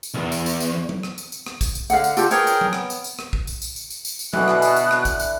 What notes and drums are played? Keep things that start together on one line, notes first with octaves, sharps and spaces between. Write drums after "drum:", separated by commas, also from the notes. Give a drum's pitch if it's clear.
drum: tambourine
B1 E2
drum: tambourine
drum: tambourine
drum: tambourine
drum: tom F#3
drum: rim click
drum: tambourine
drum: tambourine
drum: rim click
drum: kick, tambourine
drum: tambourine
D3 F5 F#5, drum: tambourine
drum: tambourine
D3 F4 G4 A4, drum: tambourine
G#4 A#4 B4 C#5 G5, drum: tambourine
drum: tambourine
drum: tom F#3
B3, drum: rim click
drum: tambourine
drum: tambourine
drum: rim click
drum: kick
drum: tambourine
drum: tambourine
drum: tambourine
drum: tambourine
drum: tambourine
drum: tambourine
B2 D3 E3 F#6, drum: tom F#3
drum: rim click
drum: tambourine
drum: tambourine
drum: rim click
drum: kick, tambourine
drum: tambourine